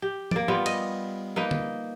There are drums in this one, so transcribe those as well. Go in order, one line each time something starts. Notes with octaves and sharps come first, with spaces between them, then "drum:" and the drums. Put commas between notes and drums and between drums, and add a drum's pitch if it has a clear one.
G4
A#3 D5, drum: tom E3
G3 B3 F4
D#5, drum: cymbal
A#3 D#4 B4
drum: tom D3